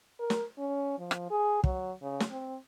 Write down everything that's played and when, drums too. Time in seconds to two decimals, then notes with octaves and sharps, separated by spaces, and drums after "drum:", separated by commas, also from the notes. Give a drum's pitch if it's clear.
0.20 A#4
0.30 drum: snare
0.58 C#4
0.99 F3
1.11 drum: rim click
1.30 G#4
1.64 F#3, drum: kick
2.02 C#3
2.20 drum: snare
2.31 C4